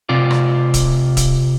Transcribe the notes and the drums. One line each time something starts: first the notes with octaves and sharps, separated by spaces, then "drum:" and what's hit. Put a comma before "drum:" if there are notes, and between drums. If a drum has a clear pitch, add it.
C3 F4 D5
drum: rim click
drum: kick D1, hi-hat
drum: kick D1, hi-hat